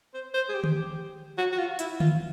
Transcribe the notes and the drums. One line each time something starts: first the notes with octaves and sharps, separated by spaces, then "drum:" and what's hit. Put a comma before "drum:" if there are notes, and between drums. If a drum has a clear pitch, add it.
C5
C5
G#4
G4
drum: tom
F#4
F#4
F4
E4, drum: hi-hat
F4, drum: tom D3